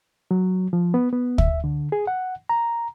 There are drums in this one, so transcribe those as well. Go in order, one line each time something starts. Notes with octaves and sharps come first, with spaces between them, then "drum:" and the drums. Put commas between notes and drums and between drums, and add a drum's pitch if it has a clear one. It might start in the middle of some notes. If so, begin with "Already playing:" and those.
F#3
F3
B3
B3
E5, drum: kick
D3
G#4
F#5
A#5